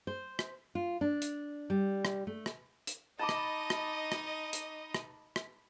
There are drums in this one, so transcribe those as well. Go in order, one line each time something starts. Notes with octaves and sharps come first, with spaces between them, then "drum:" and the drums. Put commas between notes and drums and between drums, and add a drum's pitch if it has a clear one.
C5
drum: rim click
F4
D4
drum: hi-hat
G3
drum: rim click
A3
drum: rim click
drum: hi-hat
D#4 D#5 A5 B5 D6
drum: rim click
drum: rim click
drum: rim click
drum: hi-hat
drum: rim click
drum: rim click